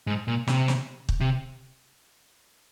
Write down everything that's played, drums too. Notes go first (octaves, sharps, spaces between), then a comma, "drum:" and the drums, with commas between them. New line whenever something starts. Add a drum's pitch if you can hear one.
G#2
A#2
C3, drum: snare
drum: snare
drum: kick
C3